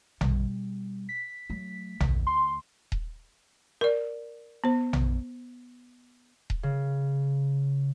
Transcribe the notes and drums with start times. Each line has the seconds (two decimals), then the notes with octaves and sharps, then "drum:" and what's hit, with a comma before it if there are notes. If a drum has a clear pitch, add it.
0.21 B2 G3, drum: tom A#1
1.09 B6
1.50 F#3 A3
2.00 D2, drum: tom A#1
2.27 C6
2.92 drum: kick D#1
3.81 A#4 D5
4.64 B3 C5
4.93 drum: tom A#1
6.50 drum: kick D#1
6.63 C#3